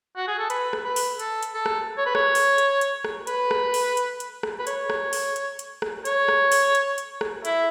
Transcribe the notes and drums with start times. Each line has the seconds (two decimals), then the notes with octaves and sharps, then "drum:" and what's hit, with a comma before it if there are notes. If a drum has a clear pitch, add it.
0.17 F#4
0.28 G#4
0.39 A4
0.50 B4, drum: hi-hat
0.73 drum: rim click
0.85 B4
0.96 drum: open hi-hat
1.19 A4, drum: hi-hat
1.43 drum: hi-hat
1.54 A4
1.66 drum: rim click
1.97 C#5
2.06 B4
2.15 C#5, drum: rim click
2.35 drum: open hi-hat
2.58 drum: hi-hat
2.81 drum: hi-hat
3.05 drum: rim click
3.27 B4, drum: hi-hat
3.51 drum: rim click
3.74 drum: open hi-hat
3.97 drum: hi-hat
4.20 drum: hi-hat
4.43 drum: rim click
4.59 B4
4.67 C#5, drum: hi-hat
4.90 drum: rim click
5.13 drum: open hi-hat
5.36 drum: hi-hat
5.59 drum: hi-hat
5.82 drum: rim click
6.05 C#5, drum: hi-hat
6.28 drum: rim click
6.52 drum: open hi-hat
6.75 drum: hi-hat
6.98 drum: hi-hat
7.21 drum: rim click
7.45 E4, drum: hi-hat